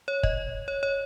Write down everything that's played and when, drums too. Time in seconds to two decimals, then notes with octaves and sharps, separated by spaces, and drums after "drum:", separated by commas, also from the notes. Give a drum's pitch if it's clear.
0.08 C#5
0.23 D#5, drum: kick
0.68 C#5
0.83 C#5